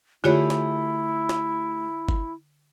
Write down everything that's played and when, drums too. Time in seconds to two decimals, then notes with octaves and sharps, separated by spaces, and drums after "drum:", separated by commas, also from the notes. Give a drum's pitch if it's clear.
0.24 D3 A3 E4 F4 G4 G#4 C#5
0.50 drum: snare
1.29 drum: snare
2.09 drum: kick G1